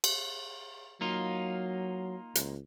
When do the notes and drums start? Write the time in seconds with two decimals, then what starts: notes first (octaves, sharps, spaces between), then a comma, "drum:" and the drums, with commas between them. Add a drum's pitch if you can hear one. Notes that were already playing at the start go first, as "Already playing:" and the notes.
0.04 drum: cymbal
1.01 F#3 A#3 D#4 F4
2.35 C#2, drum: hi-hat